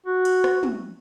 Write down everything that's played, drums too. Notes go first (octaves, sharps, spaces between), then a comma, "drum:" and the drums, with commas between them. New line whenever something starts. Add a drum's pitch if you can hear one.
F#4
drum: cymbal
drum: rim click
drum: tom